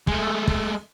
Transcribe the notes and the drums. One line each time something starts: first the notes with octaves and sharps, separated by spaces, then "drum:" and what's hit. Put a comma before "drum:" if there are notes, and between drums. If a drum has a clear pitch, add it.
G#3 A3, drum: kick
drum: kick